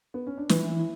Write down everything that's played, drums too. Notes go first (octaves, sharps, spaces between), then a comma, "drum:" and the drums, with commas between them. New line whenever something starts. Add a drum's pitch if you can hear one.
B3
C#4
D4
E3 E4, drum: snare